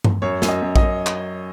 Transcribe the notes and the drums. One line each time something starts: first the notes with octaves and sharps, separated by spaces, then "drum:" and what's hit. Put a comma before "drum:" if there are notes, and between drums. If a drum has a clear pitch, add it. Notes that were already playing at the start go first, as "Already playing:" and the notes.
drum: tom G2
F#2 C#5
F#2, drum: snare
D#5
F#2
D#5, drum: kick
F#2
drum: clap